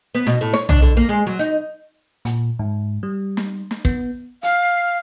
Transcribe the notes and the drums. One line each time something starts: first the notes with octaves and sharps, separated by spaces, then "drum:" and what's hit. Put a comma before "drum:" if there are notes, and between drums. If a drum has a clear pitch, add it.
B3
B2, drum: snare
A2
C#5, drum: snare
D4, drum: tom B1
D3
A#3
G#3
F#3
D#4, drum: hi-hat
A#2, drum: hi-hat
G#2
G3
drum: snare
drum: snare
B3, drum: kick
F5, drum: hi-hat